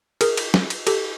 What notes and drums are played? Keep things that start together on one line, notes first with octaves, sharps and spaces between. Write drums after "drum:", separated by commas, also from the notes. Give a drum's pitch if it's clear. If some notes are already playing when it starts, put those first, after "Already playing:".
G#4 A#4, drum: cymbal
drum: cymbal
drum: snare
drum: cymbal
G4 A4, drum: cymbal